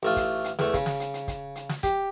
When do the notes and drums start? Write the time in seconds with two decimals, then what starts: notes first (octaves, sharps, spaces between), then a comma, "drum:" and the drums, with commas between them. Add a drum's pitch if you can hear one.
0.03 A1 A3 F4
0.16 drum: kick, hi-hat
0.44 drum: hi-hat
0.59 E2 A3, drum: snare
0.74 C#3, drum: kick, hi-hat
0.86 drum: snare
1.00 drum: hi-hat
1.14 drum: hi-hat
1.28 drum: kick, hi-hat
1.55 drum: hi-hat
1.69 drum: snare
1.83 G4, drum: kick, hi-hat